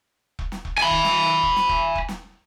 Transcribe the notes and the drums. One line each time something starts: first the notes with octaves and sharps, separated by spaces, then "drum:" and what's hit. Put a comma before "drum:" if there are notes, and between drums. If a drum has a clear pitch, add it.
drum: kick E1
drum: snare
drum: kick E1
G#5 B5
drum: kick E1
drum: snare
drum: kick E1
drum: snare
drum: kick E1
drum: kick E1
drum: snare